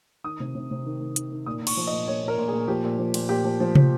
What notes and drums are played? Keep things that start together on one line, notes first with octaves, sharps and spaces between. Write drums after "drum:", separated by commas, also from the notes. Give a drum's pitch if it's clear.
D#3 D#6
C3
C3
C3
D#3
D#3
D#3, drum: hi-hat
D#3
A#2 D#6
A#2
C#6, drum: cymbal
F3
D#5
A#2
A#2 C#5
A#2
A#4
A#2
G#4
A#2
F3 G4
A#2
F3
A#2, drum: cymbal
A#2 G4
F3
F3
F3, drum: tom